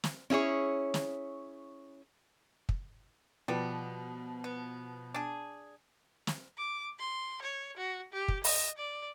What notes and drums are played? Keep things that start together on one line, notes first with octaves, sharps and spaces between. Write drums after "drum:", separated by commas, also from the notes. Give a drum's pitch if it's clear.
drum: snare
C#4 E4 G#4 C#5
drum: snare
drum: kick
B2 F3 G3 B3
B3
D4 G#4
drum: snare
D6
C6
C#5
F#4
G4
drum: kick
D#5, drum: open hi-hat
D5